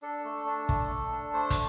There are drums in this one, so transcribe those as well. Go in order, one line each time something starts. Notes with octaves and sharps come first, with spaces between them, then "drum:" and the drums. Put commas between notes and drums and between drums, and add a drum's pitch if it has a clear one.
D4 A4
A3
D4
A3, drum: kick
A3
D4
A3 C5
drum: kick, hi-hat